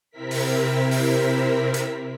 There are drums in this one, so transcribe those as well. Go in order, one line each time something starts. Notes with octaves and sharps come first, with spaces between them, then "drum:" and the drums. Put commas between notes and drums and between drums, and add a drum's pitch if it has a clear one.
C3 C4 E4 A#4 B6
drum: open hi-hat
drum: open hi-hat
drum: hi-hat